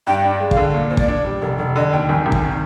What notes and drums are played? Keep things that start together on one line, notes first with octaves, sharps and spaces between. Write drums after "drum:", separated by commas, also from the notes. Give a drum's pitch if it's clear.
G2 G5
D4
G#3
F5, drum: kick
D3
A#2
A#2 C5
D5, drum: kick
D4
G3
F1 A#4
F1 D5
D3 D#5
D#2 G5
G#1 G#5
G#1
G#5, drum: kick
D#3